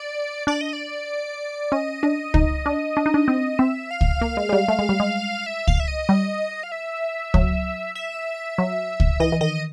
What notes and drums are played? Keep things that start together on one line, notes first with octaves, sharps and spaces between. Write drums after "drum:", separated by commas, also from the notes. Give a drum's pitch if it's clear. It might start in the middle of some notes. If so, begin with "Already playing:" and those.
Already playing: D5
D4 D5
D#5
D5
C#4 D#5
D4
D#4, drum: kick C#2
D4
D4
D#4
D4
C4
C4 E5
F5
drum: kick C#2
A#3
G#3
G#3
G3
A3
G#3
G3
G#3
E5
F5, drum: kick C#2
E5
D#5
G3
F5
E5
F#3, drum: kick C#2
E5
F#3
drum: kick C#2
E3 D#5
E3
D#3 D#5